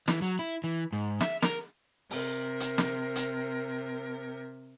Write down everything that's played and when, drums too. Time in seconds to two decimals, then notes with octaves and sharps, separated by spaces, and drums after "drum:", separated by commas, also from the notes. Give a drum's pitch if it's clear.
0.08 E3, drum: snare
0.22 F#3
0.39 E4
0.64 E3
0.93 G#2
1.21 E5, drum: snare
1.42 A#4, drum: snare
2.11 C3 A#4, drum: open hi-hat
2.60 drum: hi-hat
2.78 drum: snare
3.16 drum: hi-hat